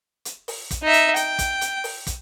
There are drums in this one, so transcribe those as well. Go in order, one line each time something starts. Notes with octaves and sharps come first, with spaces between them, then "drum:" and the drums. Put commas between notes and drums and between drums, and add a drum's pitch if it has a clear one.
drum: hi-hat
drum: open hi-hat
drum: kick, hi-hat
D#4 E5
drum: hi-hat
G5, drum: hi-hat
drum: kick, hi-hat
drum: hi-hat
drum: open hi-hat
drum: kick, hi-hat